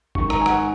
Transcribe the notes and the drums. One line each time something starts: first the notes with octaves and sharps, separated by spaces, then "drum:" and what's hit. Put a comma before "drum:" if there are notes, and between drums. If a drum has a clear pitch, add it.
G#2 D#3 C#6, drum: kick G#1
A#5, drum: rim click
G#5
F#5, drum: rim click